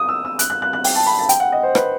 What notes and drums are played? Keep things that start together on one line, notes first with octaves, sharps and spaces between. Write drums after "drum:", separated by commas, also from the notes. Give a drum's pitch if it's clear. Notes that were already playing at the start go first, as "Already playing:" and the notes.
Already playing: D#6
E6
E6
F#6, drum: hi-hat
F#6
F#6
F#6
G5, drum: open hi-hat
A5
B5
A5
G5, drum: hi-hat
F#5
D#5
C5
B4, drum: rim click